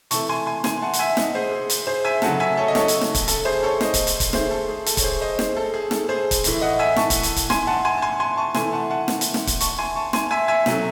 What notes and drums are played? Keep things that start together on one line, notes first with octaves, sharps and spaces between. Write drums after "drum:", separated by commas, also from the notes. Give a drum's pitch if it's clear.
C3 E3 A3 A5 C#6, drum: hi-hat
G#5 C6
G#5 C6
G#5 C6, drum: snare
F#5 A5
F#5, drum: hi-hat
E5 G#5
D#5 F#5, drum: snare
G#4 C5
G#4
drum: hi-hat
G#4 C5
E5 G#5
C#3 F#3 A3 F#5 A5, drum: snare
E5 G#5
A4 C#5
D#5
A4 C#5, drum: snare
drum: hi-hat
drum: snare
drum: kick, hi-hat
A4, drum: hi-hat
G#4 C5
A4 C#5
C5 D#5, drum: snare
drum: kick, hi-hat
drum: hi-hat
drum: kick, hi-hat
D#3 A3 G#4 C5, drum: snare
A4
G#4
A4, drum: hi-hat
C#5, drum: kick, hi-hat
G#4 C5
C5 D#5
G#4 C5, drum: snare
A4
G#4
A4, drum: snare
G#4 C5
drum: kick, hi-hat
A2 E3 A3, drum: hi-hat
D#5 F#5
E5 G#5
A5 C#6, drum: snare
drum: kick, hi-hat
drum: hi-hat
drum: kick, hi-hat
G#5 C6, drum: snare
F#5 A5
G#5 C6
A5
G#5 C6
G#5 C6
A5 C#6
C3 E3 A3 G#5 C6, drum: snare
F#5 A5
F#5 A5
drum: snare
drum: hi-hat
drum: snare
drum: kick, hi-hat
A5 C#6, drum: hi-hat
G#5 C6
A5 C#6
G#5 C6, drum: snare
E5 G#5
E5 G#5
C3 F#3 A3, drum: snare